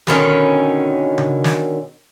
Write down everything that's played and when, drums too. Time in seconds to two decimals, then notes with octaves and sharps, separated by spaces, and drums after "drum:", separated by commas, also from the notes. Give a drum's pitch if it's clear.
0.07 B2 D3 D#3 C#4, drum: snare
1.18 drum: tom C#3
1.44 drum: snare